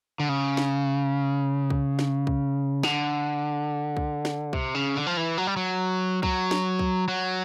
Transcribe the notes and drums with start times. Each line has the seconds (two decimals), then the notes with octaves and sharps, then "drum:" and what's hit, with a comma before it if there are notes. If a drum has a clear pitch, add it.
0.20 D3
0.29 C#3
0.57 drum: snare
1.70 drum: kick C2
1.99 drum: snare
2.27 drum: kick C2
2.83 D3, drum: snare
3.97 drum: kick C2
4.25 drum: snare
4.53 C3, drum: kick C2
4.74 C#3
4.96 D3
5.07 F3
5.17 E3
5.38 F#3
5.47 G3
5.57 F#3
6.23 F#3, drum: kick C2
6.51 drum: snare
6.79 drum: kick C2
7.08 F#3